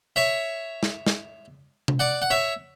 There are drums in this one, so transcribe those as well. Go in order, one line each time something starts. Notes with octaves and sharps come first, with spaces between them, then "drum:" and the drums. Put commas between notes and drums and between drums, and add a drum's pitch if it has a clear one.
C#5 E5
drum: snare
drum: snare
drum: tom C3
D5 F#5
F#5
C#5 E5